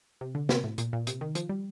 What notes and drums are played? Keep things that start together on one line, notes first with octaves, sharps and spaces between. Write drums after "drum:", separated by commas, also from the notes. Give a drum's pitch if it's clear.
C3
D3
C3, drum: snare
A2
A#2, drum: hi-hat
A#2
C3, drum: hi-hat
D#3
F3, drum: hi-hat
G3